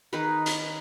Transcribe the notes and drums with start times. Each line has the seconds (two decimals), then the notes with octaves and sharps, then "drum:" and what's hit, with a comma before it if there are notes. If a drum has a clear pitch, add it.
0.13 D#3 D#4 G#4 B4
0.46 drum: hi-hat